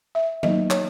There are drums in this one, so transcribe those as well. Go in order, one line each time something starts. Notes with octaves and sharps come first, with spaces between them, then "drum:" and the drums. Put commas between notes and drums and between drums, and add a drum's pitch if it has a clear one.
E5
F#3 A#3 D#4 D#5, drum: tom D#3
C#5, drum: clap